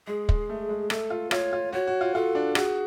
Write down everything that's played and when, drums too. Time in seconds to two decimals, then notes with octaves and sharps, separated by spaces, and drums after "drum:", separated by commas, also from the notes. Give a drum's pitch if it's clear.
0.07 G#3 G#4
0.29 G#3, drum: kick
0.49 A3
0.69 G#3
0.90 A3 A4, drum: rim click
1.10 F4
1.31 F4 C#5, drum: rim click
1.53 F4
1.73 F#4 C#5
1.87 F#4
2.01 F4
2.14 F4 A4
2.35 D4
2.55 F#4 G#4, drum: rim click